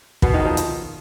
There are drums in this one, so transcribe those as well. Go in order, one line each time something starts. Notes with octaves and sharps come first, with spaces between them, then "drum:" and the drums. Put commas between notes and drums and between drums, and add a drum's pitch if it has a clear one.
B2 B3, drum: kick
D#3 D#4
F3
drum: hi-hat